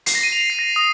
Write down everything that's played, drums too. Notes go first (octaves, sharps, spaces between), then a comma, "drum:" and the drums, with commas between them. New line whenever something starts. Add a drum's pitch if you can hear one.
C7, drum: hi-hat
A#6
D#7
F7
D#7
C7
A#6
D#6